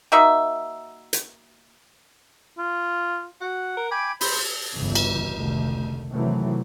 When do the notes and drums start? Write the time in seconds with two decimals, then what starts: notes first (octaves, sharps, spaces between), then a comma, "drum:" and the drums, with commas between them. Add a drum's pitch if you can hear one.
0.12 A#3 D#4 F#4 E5
1.13 drum: hi-hat
2.58 F4
3.41 F#4 F#5
3.77 A#4
3.91 G5 G#5 B5 D6
4.21 C5 B5, drum: open hi-hat
4.73 G1 C2 F2 A#2 C#3 E3
4.95 drum: cymbal
5.33 F1 C#2 D3 D#3 A3
6.10 C3 D#3 E3 F#3 A3 C4